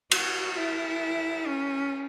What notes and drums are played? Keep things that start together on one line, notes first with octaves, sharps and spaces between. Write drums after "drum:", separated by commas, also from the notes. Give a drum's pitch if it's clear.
F#4, drum: cymbal
E4
C#4